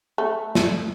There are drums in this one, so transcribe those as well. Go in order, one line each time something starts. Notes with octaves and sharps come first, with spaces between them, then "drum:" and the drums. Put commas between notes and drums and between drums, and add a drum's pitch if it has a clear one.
A3
drum: snare